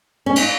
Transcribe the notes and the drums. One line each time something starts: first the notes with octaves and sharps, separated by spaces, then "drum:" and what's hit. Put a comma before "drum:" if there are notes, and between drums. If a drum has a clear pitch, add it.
C#4
D#4, drum: cymbal